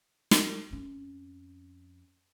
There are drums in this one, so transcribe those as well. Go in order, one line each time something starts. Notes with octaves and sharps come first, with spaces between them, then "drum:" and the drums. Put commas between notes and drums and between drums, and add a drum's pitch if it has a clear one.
drum: snare
F2 C#4